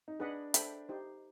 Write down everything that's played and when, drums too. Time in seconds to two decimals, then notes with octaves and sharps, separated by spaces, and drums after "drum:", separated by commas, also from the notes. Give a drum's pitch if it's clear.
0.08 D#4
0.20 D4 G#4 B4 D#5 F#5 B5
0.54 A4 C5 E5 G5 B5, drum: hi-hat
0.89 D#4 G4 C5